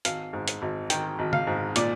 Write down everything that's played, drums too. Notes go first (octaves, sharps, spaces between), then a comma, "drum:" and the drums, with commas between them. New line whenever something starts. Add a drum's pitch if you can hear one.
G#1 F5, drum: hi-hat
G#2
drum: hi-hat
G#1
D#3 G5, drum: hi-hat
G#1
F5, drum: tom
G#2
A#2 D5, drum: hi-hat